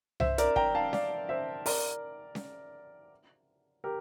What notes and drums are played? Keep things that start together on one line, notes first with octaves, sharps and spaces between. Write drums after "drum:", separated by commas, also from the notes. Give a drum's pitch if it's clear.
C5 E5, drum: tom C2
A#4 D5, drum: hi-hat
G5 A#5, drum: kick
F5 A5
D5 F5, drum: snare C#4
C5 E5
A#4 D5, drum: open hi-hat
drum: snare C#4
G4 A#4